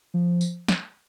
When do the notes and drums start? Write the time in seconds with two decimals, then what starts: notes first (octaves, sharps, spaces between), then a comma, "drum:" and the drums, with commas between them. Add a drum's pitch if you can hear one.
0.14 F3
0.41 drum: tambourine
0.68 drum: snare